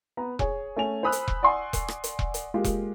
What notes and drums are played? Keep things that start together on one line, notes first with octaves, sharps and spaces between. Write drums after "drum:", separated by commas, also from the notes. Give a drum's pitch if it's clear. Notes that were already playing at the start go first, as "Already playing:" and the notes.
B3 A#5
G#4 C#5, drum: kick E1
A3 C#4 G#5 F7
C5 G#5 B5 D#6 E6 F#6
drum: hi-hat
drum: kick E1
D5 F#5 G#5 C6 C#6
drum: kick E1, hi-hat
drum: rim click
drum: hi-hat
drum: kick E1
drum: hi-hat
G#3 A#3 F4 G4
drum: kick E1, hi-hat